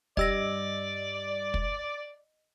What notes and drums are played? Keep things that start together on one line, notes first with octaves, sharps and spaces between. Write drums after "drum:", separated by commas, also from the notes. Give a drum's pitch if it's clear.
G2 G3 D5 D#5 E6 A#6, drum: kick
drum: kick